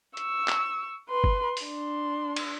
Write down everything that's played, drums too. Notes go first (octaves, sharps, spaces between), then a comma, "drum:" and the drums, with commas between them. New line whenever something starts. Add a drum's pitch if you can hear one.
C#6 E6, drum: hi-hat
drum: clap
B4 C6
drum: kick
drum: open hi-hat
D4 C6
drum: cymbal